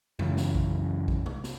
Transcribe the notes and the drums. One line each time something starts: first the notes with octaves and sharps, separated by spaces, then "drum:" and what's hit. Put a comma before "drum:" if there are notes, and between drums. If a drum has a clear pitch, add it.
F#2 C#3 E3 F#3, drum: tom G#3
drum: snare
drum: kick B1
drum: kick B1
drum: tom
drum: snare